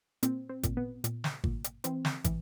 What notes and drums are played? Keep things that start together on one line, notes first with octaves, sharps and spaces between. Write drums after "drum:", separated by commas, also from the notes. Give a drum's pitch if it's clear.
A#2 C4, drum: hi-hat
C4
A#2, drum: kick, hi-hat
B3
A#2, drum: hi-hat
drum: snare
A#2, drum: kick
drum: hi-hat
E3 C4, drum: hi-hat
drum: snare
E3, drum: kick, hi-hat